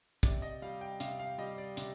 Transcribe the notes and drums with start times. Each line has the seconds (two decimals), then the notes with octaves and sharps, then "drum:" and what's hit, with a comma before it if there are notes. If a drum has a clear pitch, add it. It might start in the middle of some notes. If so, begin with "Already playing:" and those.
0.23 C3 D5, drum: kick, hi-hat
0.42 D#5
0.62 G3 F5
0.81 G5
1.00 C3 F5, drum: hi-hat
1.19 F5
1.38 G3 D#5
1.58 D5
1.77 C3, drum: hi-hat